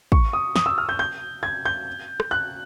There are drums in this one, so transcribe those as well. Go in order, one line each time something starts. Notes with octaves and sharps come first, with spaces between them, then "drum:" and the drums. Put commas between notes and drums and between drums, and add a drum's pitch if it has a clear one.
C#6, drum: kick
D#6
D#6, drum: snare
E6
F6
G6
G6
G#6
G6
drum: rim click
F#6